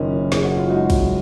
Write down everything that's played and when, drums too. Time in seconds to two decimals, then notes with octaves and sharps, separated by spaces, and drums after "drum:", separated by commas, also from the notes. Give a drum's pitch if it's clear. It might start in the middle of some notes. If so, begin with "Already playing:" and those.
Already playing: F#1 D#3 C#4 F4
0.32 F#1 G#4, drum: snare
0.44 F#4
0.56 F4
0.69 G#3 D#4 F#4
0.90 drum: kick, cymbal